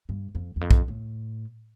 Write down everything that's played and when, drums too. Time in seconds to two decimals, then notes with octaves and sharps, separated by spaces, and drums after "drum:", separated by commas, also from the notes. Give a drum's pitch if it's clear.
0.09 G2
0.35 F2
0.56 E2
0.61 F2
0.71 drum: kick
0.88 A2